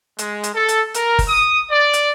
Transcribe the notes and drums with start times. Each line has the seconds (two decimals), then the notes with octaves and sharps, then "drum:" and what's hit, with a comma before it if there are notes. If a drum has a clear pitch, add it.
0.19 G#3, drum: hi-hat
0.44 drum: hi-hat
0.53 A4
0.69 drum: hi-hat
0.95 A#4, drum: hi-hat
1.19 drum: kick F#1, open hi-hat
1.28 D#6
1.70 D5
1.94 drum: hi-hat